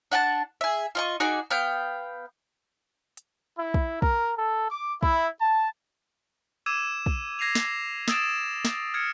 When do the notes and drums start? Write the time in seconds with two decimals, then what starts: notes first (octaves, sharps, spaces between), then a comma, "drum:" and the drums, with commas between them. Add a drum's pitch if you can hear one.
0.11 D4 F#5 G5 A5
0.61 G#4 E5
0.95 F4 D#5 C#6
1.20 D#4 F#4 G#4 D5
1.51 B3 F5 G5
3.17 drum: hi-hat
3.58 E4
3.74 drum: kick
4.02 A#4, drum: kick
4.38 A4
4.71 D6
5.03 E4, drum: kick
5.41 A5
6.66 D6 E6 G#6 D#7 E7
7.06 drum: kick
7.39 G#6 A#6 C7 D#7 F7
7.55 drum: snare
8.08 D#6 E6 A6 D7 E7, drum: snare
8.65 drum: snare
8.94 F6 G#6 C#7